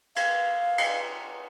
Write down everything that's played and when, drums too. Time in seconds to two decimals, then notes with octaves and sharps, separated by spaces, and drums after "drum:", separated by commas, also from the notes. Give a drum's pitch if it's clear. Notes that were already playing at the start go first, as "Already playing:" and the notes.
0.16 F5, drum: cymbal
0.78 drum: cymbal